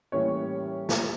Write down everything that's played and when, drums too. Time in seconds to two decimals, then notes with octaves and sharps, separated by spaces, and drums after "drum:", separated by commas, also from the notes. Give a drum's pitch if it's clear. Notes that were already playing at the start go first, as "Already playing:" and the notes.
0.12 A2 E3 G3 A#3 C#4 C#5
0.89 drum: snare